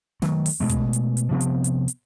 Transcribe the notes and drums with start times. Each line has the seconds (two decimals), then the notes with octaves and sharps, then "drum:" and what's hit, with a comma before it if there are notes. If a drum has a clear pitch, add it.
0.22 D#3 F#3 A3, drum: snare
0.46 drum: open hi-hat
0.60 B2 G#3 A3
0.69 drum: kick, hi-hat
0.93 drum: hi-hat
1.17 drum: hi-hat
1.31 C3 F3 B3 C4
1.40 drum: hi-hat
1.64 drum: hi-hat
1.88 drum: hi-hat